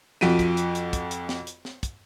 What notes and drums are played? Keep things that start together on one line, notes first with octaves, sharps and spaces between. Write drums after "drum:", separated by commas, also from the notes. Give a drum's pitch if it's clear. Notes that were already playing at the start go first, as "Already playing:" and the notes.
F2 F3 F#4 B6 D7 D#7, drum: snare
drum: kick, hi-hat
drum: hi-hat
drum: hi-hat
drum: kick, hi-hat
drum: hi-hat
drum: snare
drum: hi-hat
drum: snare
drum: kick, hi-hat